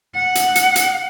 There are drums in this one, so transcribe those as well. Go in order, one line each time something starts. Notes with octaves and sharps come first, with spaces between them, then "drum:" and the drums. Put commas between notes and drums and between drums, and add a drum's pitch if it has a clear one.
F#5
drum: hi-hat
drum: hi-hat
drum: hi-hat